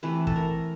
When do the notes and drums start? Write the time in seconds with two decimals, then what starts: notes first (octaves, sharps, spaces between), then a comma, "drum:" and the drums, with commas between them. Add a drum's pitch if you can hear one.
0.03 C3 E3 A3 B4
0.27 A4, drum: kick
0.36 A#4